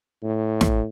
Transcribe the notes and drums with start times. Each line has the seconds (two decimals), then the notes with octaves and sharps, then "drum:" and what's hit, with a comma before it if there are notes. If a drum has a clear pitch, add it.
0.23 A2
0.61 drum: snare